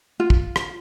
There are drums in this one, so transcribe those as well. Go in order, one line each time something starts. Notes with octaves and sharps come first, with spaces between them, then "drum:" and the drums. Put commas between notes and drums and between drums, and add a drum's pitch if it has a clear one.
F4
drum: kick
drum: rim click